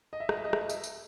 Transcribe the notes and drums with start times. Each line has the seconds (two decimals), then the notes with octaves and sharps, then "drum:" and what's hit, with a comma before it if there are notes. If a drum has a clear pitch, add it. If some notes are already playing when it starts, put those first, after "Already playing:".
0.13 D#5
0.20 E5
0.29 D#5, drum: rim click
0.37 E5
0.45 D#5
0.53 E5, drum: rim click
0.61 D#5
0.69 E5, drum: tambourine
0.84 drum: tambourine